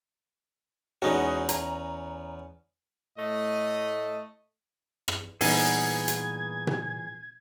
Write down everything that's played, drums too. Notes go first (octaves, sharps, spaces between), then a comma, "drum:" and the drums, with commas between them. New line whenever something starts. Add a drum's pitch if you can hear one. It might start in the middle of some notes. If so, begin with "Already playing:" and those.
E2 G#3 B3 C#4 D#4 F#4
A#5, drum: hi-hat
A2 A3 D#5
drum: rim click
A#2 E3 G3 B3 D#4 G#4 G#6, drum: open hi-hat
drum: hi-hat
drum: tom B2